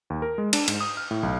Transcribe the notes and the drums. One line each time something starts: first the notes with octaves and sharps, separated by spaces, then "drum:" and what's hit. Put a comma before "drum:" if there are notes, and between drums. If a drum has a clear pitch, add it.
D#2
A#4
G#3
D4, drum: cymbal
G#2, drum: cymbal
D#6
F6
A2
B1